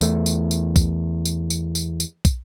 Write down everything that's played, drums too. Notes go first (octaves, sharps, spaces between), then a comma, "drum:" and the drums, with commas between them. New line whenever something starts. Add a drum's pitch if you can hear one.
E2 A3, drum: tambourine
drum: tambourine
drum: tambourine
drum: kick, tambourine
drum: tambourine
drum: tambourine
drum: tambourine
drum: tambourine
drum: kick, tambourine